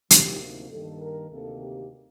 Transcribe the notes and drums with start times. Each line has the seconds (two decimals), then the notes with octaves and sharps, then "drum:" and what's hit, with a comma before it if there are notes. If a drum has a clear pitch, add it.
0.10 D2 C3 F3 A#3 D#4 G4, drum: hi-hat
0.70 G2 D#3 A#3 A4
0.99 A#4
1.29 D2 C3 D#3 A#3 D#4 A4
1.59 G4